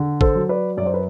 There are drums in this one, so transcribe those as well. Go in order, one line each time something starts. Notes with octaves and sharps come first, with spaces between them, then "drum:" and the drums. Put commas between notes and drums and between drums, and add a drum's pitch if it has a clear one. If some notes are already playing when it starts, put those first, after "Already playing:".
Already playing: D3
A4 C5, drum: kick
F#3
B4 D5
F#2 D5
C5
B4